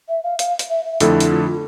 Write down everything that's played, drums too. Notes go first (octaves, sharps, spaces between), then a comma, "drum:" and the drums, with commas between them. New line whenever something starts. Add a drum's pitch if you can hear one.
E5
F5
F5, drum: hi-hat
drum: hi-hat
E5
E5
F2 D3 A3 E4 A4, drum: hi-hat
drum: hi-hat
F4
F4